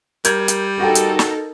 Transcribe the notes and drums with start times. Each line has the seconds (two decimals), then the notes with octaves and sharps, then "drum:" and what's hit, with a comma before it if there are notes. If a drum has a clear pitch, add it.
0.25 G3 A#4 G6 G#6, drum: hi-hat
0.48 drum: hi-hat
0.80 D#4 F#4 A4 A#4 G5
0.95 drum: hi-hat
1.19 drum: snare